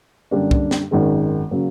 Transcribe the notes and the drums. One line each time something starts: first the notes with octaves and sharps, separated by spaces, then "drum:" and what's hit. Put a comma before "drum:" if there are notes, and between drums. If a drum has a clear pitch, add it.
F#2 D3 G3 A#3 D4
drum: kick
drum: snare
G#1 F#2 D#3 G#3
C#3 F#3 A#3